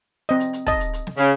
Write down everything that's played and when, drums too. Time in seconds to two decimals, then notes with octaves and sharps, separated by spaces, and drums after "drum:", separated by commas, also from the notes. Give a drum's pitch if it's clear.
0.29 C4 D#5
0.40 drum: hi-hat
0.53 drum: hi-hat
0.67 D#5 A5, drum: kick, hi-hat
0.80 drum: hi-hat
0.93 drum: hi-hat
1.07 drum: snare
1.17 C#3, drum: hi-hat